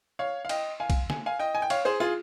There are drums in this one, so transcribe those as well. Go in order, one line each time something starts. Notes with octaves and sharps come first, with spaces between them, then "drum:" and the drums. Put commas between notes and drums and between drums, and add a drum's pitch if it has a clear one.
C#5 F5
F5
D#5 G5, drum: cymbal
F5 G#5
drum: kick, cymbal
G#5, drum: snare
F5 G#5
D#5 G5
G#5
G5
C#5 F5, drum: cymbal
G#4 C5
F4 G#4